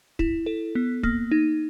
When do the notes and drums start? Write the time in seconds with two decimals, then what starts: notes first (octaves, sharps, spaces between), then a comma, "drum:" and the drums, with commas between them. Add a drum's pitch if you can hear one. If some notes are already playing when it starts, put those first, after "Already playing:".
0.19 E4, drum: kick
0.46 A4
0.75 B3
1.03 A#3, drum: kick
1.31 D#4